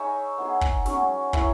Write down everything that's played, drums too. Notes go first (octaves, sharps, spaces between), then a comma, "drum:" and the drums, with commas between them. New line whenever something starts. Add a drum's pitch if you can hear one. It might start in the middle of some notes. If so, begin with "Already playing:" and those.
Already playing: D#4 G#4 A#4 C#5 E5
B3 D#4 G#4
drum: kick
F#3 C#4 G#4, drum: snare
E4 A#4 C#5 E5, drum: kick